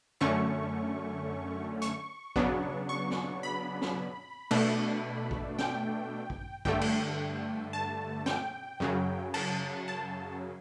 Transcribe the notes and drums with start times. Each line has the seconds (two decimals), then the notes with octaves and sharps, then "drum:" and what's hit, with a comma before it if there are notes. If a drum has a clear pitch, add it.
0.21 F#2 D3 A3 C#4 C#6
1.82 C#6, drum: hi-hat
2.36 C#3 F#3 B3 D4, drum: kick A1
2.89 C#6
3.10 drum: snare
3.43 B5
3.82 drum: snare
4.51 B2 A3 D4, drum: cymbal
5.31 drum: kick A1
5.59 G5, drum: snare
6.30 drum: kick A1
6.65 G2 D3 A3 G5, drum: kick A1
6.81 drum: cymbal
7.73 A5
8.26 G5, drum: snare
8.80 F#2 C#3 F#3
9.34 A5, drum: cymbal
9.88 A5